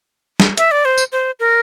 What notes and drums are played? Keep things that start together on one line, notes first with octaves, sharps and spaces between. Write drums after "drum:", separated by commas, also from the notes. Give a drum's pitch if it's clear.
drum: snare
E5, drum: hi-hat
D5
C5
drum: tambourine
C5
A#4